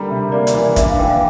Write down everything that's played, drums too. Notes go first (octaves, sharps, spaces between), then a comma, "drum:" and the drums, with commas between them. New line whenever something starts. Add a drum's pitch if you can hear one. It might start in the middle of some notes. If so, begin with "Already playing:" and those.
Already playing: D3 G3 A#3 A#5
C3
A#3 D5
D5, drum: hi-hat
E3
D5
D4 E5, drum: kick, hi-hat
F5
E3 G5
F5